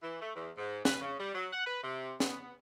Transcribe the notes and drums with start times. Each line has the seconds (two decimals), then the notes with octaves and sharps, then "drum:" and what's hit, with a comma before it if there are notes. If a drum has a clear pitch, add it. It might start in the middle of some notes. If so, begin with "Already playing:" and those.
0.03 E3
0.21 A3
0.36 E2
0.57 G#2
0.85 B4, drum: snare
1.02 C#3
1.19 G3
1.35 F#3
1.53 F#5
1.67 B4
1.83 C3
2.20 B3, drum: snare